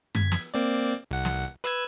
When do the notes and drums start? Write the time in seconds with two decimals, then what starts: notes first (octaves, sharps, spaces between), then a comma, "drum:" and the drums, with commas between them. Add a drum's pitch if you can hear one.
0.15 G#6 B6, drum: tom F#2
0.32 drum: snare
0.54 A#3 C4 D5
1.11 C2 F#5
1.25 drum: snare
1.64 B4 E6 G#6, drum: hi-hat